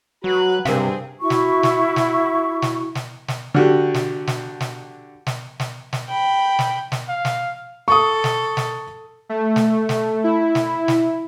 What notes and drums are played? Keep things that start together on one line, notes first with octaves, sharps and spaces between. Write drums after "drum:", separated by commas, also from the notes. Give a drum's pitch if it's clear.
F#3 F#4 B4 F#6
G2 C3 C4 G#4 A#4 F5, drum: snare
E4 F#4 C#6
drum: snare
drum: snare
drum: snare
drum: snare
drum: snare
drum: snare
D3 F#4 G4
drum: snare
drum: snare
drum: snare
drum: snare
drum: snare
drum: snare
G5 B5
drum: snare
drum: snare
F5
drum: snare
A4 C#6 D#6
drum: snare
drum: snare
A3
drum: snare
drum: snare
E4
drum: snare
drum: snare